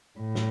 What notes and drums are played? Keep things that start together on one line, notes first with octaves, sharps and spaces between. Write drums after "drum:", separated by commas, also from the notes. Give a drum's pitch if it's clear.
A2
drum: snare